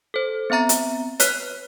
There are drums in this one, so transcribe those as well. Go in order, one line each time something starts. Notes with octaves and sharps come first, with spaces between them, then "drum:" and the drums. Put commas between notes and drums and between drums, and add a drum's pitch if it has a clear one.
A4 C5
B3 C4 E5 A#5 A6
drum: hi-hat
B4 C#5 F6 F#6 B6, drum: hi-hat